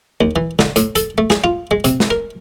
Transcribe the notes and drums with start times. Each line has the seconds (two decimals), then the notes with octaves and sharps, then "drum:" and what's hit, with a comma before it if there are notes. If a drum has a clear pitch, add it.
0.21 D#2
0.36 E3
0.59 D3, drum: snare
0.76 A2, drum: hi-hat
0.96 A4, drum: hi-hat
1.18 A3
1.30 G#4, drum: snare
1.44 F4
1.71 G#3
1.84 C3, drum: hi-hat
2.00 drum: snare
2.10 A#4